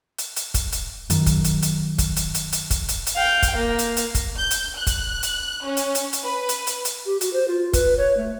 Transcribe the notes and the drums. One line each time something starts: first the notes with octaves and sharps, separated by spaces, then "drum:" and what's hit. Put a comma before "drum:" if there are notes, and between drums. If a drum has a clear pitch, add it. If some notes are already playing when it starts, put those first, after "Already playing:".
drum: hi-hat
drum: hi-hat
drum: kick, hi-hat
drum: hi-hat
F#2 D#3, drum: hi-hat
drum: kick, hi-hat
drum: hi-hat
drum: hi-hat
drum: kick, hi-hat
drum: hi-hat
drum: hi-hat
drum: hi-hat
drum: kick, hi-hat
drum: hi-hat
drum: hi-hat
F5 G5
drum: kick, hi-hat
A#3
drum: hi-hat
drum: hi-hat
drum: kick, hi-hat
G6
drum: hi-hat
F#6
drum: kick, hi-hat
drum: hi-hat
C#4
drum: hi-hat
drum: hi-hat
drum: hi-hat
B4
drum: hi-hat
drum: hi-hat
drum: hi-hat
G4
F#4, drum: hi-hat
C5
F4
B4, drum: kick, hi-hat
C#5
A3